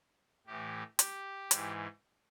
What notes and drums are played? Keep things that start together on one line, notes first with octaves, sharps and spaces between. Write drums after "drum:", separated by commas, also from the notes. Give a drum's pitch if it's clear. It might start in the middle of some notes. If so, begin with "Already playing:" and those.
A2 E3 G4
G4, drum: hi-hat
G#2 E3, drum: hi-hat